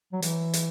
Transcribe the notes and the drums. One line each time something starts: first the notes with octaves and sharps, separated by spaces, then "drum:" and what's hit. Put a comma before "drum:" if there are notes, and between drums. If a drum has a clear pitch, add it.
F#3
E3, drum: hi-hat
drum: hi-hat